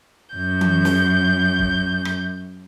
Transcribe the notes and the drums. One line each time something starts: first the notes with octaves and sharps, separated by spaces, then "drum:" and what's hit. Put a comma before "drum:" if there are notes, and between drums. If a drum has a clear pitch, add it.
F#2 G6
drum: tom E3
drum: snare
drum: kick
drum: rim click